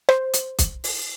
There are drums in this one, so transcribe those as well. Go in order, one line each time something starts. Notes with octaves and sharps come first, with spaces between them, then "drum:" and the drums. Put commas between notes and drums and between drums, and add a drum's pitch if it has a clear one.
C5, drum: rim click
drum: hi-hat
drum: kick, hi-hat
drum: open hi-hat